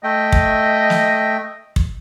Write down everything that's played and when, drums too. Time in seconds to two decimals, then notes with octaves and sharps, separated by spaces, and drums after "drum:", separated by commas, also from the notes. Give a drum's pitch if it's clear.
0.04 A3 D#5 E5 G5
0.32 drum: kick
0.90 drum: snare
1.76 drum: kick